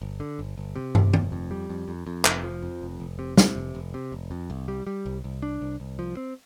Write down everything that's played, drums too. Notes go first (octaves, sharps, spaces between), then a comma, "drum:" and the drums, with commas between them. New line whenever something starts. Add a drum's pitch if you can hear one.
G1
D3
G1
G1
C3
F1, drum: tom
F1, drum: tom D#3
F2
G3
F2
F2
F2
F1, drum: clap
F3
F2
F1
F1
C3
C3, drum: snare
F1
F1
C3
F1
F2
C2
G3
G3
C2
C2
D4
C2
C2
F3
C4